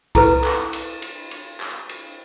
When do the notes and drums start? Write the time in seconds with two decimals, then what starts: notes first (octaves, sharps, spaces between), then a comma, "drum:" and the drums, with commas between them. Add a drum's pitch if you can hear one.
0.15 E4 A4 B4, drum: kick C2, cymbal
0.44 drum: clap
0.73 drum: cymbal
1.02 drum: cymbal
1.31 drum: cymbal
1.60 drum: clap
1.89 drum: cymbal